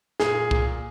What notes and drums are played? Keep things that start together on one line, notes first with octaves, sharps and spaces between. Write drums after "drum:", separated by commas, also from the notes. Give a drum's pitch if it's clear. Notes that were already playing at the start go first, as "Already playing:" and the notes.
A#2 G#4, drum: snare
A#2, drum: kick